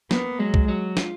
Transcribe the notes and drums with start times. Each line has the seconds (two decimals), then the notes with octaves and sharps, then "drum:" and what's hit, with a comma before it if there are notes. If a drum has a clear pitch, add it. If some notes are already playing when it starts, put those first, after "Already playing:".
0.11 A#3 B3, drum: snare
0.39 F#3 G#3
0.54 drum: kick
0.68 F#3
0.97 F4, drum: snare